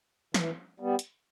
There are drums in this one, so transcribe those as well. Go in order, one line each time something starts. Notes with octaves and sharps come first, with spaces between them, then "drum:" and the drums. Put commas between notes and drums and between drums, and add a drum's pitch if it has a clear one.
E3, drum: snare
G3 B3
drum: hi-hat